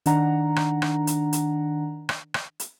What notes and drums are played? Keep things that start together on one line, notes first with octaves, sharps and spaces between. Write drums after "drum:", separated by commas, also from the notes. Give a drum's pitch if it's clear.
D#3 D4 F#5 A#5, drum: hi-hat
drum: rim click
drum: rim click
drum: hi-hat
drum: hi-hat
drum: rim click
drum: rim click
drum: hi-hat